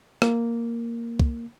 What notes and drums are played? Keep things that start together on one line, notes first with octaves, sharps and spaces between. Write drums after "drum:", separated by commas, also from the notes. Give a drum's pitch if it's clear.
A#3, drum: rim click
drum: kick